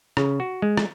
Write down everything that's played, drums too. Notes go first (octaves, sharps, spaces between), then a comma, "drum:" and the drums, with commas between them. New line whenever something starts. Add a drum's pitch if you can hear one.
C#3, drum: rim click
F#4
G#3
drum: rim click